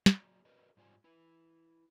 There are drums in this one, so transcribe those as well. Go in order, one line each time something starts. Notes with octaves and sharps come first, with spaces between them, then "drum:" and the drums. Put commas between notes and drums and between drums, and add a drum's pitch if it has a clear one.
F#3 G#4 D5 A#5, drum: snare
F#4 G#4 A#4 B4 D5 D#5
G#2 G3 F4 C5 D5 G#5
E4 B4